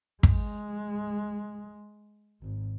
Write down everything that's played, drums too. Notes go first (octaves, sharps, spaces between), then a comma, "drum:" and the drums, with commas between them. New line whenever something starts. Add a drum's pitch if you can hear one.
G#3, drum: kick
G#1